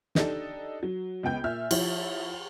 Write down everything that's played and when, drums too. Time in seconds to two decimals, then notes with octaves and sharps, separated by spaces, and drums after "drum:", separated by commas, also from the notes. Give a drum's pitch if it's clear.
0.15 D4 D#4 G4 A4, drum: snare
0.83 F#3
1.23 C#2 B3 G5 G6
1.44 A#2 E5 F6
1.71 F3 E4 C#5, drum: cymbal